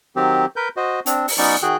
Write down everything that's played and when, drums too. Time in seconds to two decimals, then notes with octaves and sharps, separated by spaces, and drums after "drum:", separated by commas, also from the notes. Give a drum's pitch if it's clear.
0.16 D#3 F#3 C4 G4
0.56 A#4 B4 G6
0.77 F#4 C5 D#5
1.06 C4 D4, drum: hi-hat
1.28 drum: open hi-hat
1.38 F#3 B3 C#4 D#4 D5 C#6
1.62 D#3 F#4 G#4 G5 F#6